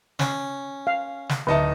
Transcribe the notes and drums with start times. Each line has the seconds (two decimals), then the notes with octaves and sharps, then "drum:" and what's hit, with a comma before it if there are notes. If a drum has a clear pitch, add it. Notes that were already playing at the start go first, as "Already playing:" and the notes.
0.19 C#4, drum: snare
0.87 F5
1.29 drum: snare
1.47 D1 D3 D#4 E5 A5